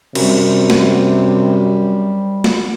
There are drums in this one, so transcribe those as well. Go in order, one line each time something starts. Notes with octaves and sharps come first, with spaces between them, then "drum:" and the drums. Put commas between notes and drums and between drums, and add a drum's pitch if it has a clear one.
F#2 C3 G3, drum: cymbal
drum: snare
drum: snare